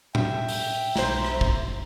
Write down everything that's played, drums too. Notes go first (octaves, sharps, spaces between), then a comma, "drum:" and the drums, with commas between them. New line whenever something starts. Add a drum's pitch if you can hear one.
E5 G5, drum: tom A2
drum: open hi-hat
B1 C5 A#5, drum: snare
drum: rim click
drum: kick